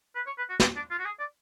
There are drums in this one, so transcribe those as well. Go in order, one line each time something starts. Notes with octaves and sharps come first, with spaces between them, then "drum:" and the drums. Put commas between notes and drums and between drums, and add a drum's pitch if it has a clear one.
B4
C#5
B4
F#4
D4, drum: snare
D4
F4
F#4
G#4
D5